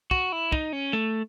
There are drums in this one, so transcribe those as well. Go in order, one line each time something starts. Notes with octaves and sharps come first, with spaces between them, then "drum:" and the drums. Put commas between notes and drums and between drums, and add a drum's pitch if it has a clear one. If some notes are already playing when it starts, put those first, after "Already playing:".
F#4, drum: kick
E4
D#4, drum: kick
C#4
A3